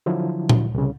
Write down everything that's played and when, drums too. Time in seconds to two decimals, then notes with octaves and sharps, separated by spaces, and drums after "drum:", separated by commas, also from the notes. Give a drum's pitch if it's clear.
0.06 D3 F3 F#3 E4
0.49 drum: tom A#2
0.74 C2 C#3